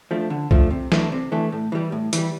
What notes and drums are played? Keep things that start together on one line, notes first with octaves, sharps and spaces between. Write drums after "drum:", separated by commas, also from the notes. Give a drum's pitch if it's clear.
F3 A3 D4
D3
F3 A3 D4, drum: kick C2
C3
E3 A3 D4, drum: snare
C3
E3 A3 D4
A2
E3 G3
A2
E3 G3, drum: hi-hat